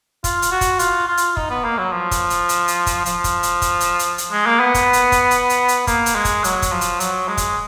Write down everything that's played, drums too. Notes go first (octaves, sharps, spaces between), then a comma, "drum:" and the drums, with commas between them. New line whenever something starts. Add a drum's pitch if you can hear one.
F4, drum: kick, hi-hat
drum: hi-hat
F#4
drum: kick, hi-hat
F4, drum: hi-hat
F4
drum: hi-hat
D#4, drum: kick
B3
A#3
F#3
F3
drum: kick, hi-hat
drum: hi-hat
drum: hi-hat
drum: hi-hat
drum: kick, hi-hat
F3, drum: hi-hat
drum: kick, hi-hat
drum: hi-hat
drum: kick, hi-hat
drum: hi-hat
drum: hi-hat
drum: hi-hat
G#3
A#3
B3
drum: kick, hi-hat
drum: hi-hat
drum: kick, hi-hat
drum: hi-hat
drum: hi-hat
drum: hi-hat
A#3, drum: kick, hi-hat
drum: hi-hat
G#3
drum: kick, hi-hat
F#3, drum: hi-hat
drum: kick, hi-hat
F3
drum: hi-hat
F#3, drum: hi-hat
G#3
drum: kick, hi-hat